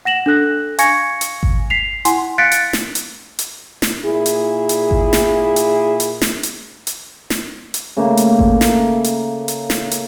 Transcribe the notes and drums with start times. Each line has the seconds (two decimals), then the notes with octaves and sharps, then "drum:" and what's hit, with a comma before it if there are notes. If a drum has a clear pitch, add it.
0.05 F#5 A#6 E7 F#7
0.26 D4 A4 F#6 A#6
0.78 F5 G#5 C#6 G#6 A#6 C#7, drum: hi-hat
1.21 drum: hi-hat
1.43 drum: kick G#1
1.70 B6 C7 F7
2.05 E4 F#5 G#5 C6, drum: hi-hat
2.38 F5 F#6 A6 B6 C#7 D7
2.52 drum: hi-hat
2.73 drum: snare
2.95 drum: hi-hat
3.39 drum: hi-hat
3.82 drum: snare
4.04 A#2 E4 G#4
4.26 drum: hi-hat
4.69 drum: hi-hat
4.91 drum: kick G#1
5.13 drum: snare
5.56 drum: hi-hat
6.00 drum: hi-hat
6.21 drum: snare
6.43 drum: hi-hat
6.87 drum: hi-hat
7.30 drum: snare
7.74 drum: hi-hat
7.97 C#3 A3 A#3
8.17 drum: hi-hat
8.39 drum: kick G#1
8.61 drum: snare
9.04 drum: hi-hat
9.48 drum: hi-hat
9.70 drum: snare
9.91 drum: hi-hat